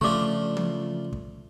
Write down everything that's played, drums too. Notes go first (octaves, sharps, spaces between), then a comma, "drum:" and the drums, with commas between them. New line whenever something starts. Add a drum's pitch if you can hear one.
C#3 F3 A3 D4 F4 C#6 D6
drum: tom E3
drum: kick